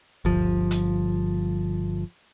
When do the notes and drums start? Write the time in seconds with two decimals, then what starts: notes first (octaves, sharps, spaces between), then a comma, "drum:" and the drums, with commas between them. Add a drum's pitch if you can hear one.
0.25 G1 F3, drum: kick D2
0.71 drum: hi-hat